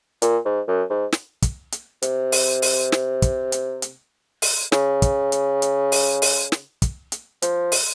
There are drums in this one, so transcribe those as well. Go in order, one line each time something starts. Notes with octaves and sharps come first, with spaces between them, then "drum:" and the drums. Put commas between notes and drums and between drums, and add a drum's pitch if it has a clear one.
A#2, drum: hi-hat
G#2
F#2
G#2
drum: snare
drum: kick, hi-hat
drum: hi-hat
C3, drum: hi-hat
drum: open hi-hat
drum: open hi-hat
drum: snare
drum: kick, hi-hat
drum: hi-hat
drum: hi-hat
drum: open hi-hat
C#3, drum: snare
drum: kick, hi-hat
drum: hi-hat
drum: hi-hat
drum: open hi-hat
drum: open hi-hat
drum: snare
drum: kick, hi-hat
drum: hi-hat
F3, drum: hi-hat
drum: open hi-hat